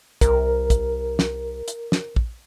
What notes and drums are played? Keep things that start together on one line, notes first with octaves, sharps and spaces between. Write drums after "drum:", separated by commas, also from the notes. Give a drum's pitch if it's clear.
C2 A#4, drum: kick, hi-hat
drum: kick, hi-hat
drum: snare
drum: hi-hat
drum: snare
drum: kick